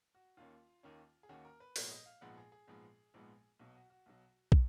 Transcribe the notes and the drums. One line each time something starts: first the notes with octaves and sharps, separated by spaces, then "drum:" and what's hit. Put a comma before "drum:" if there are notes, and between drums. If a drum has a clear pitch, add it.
F#4
D#2 D#3 A#3 C#4 F4
D#2 D#3 A#3 C#4
G#4
D#2 D#3 A#3 C#4 F#4
A#4
B4
A#1 G#2 F3 G#3 B3 C#5, drum: open hi-hat
D#5
F5
A#1 G#2 F3 G#3 B3 F#5
G#4
G#4
A#1 G#2 F3 G#3 B3
A#1 G#2 F3 G#3 B3
B1 B2 F#3 F#4
F#4
F#4
B1 B2 F#3
B2 F#3, drum: kick